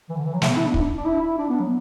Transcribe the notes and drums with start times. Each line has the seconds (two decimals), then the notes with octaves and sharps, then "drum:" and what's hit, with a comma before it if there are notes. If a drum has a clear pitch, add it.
0.09 E3
0.17 D3
0.25 E3
0.34 F#3
0.42 A3, drum: snare
0.49 B3
0.57 E4
0.66 D4
0.74 E4, drum: kick
0.82 D4
0.97 D4
1.06 E4
1.22 E4
1.38 D4
1.50 B3
1.60 F#3